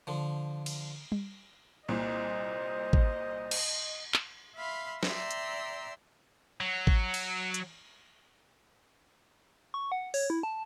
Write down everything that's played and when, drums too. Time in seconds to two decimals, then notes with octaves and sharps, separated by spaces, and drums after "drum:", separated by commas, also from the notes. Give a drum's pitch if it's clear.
0.07 D3 F3
0.66 drum: cymbal
1.12 drum: tom G3
1.88 C2 A#2 C5 D#5
2.93 drum: kick G#1
3.51 drum: cymbal
4.14 drum: clap
4.56 E5 F5 B5 C6
5.03 D5 E5 G5 A#5 C6 E6, drum: snare
5.31 drum: hi-hat
6.61 F#3
6.87 drum: kick G#1
7.14 drum: cymbal
7.54 drum: hi-hat
9.74 C#6
9.92 F#5
10.14 C#5, drum: open hi-hat
10.30 E4
10.43 A5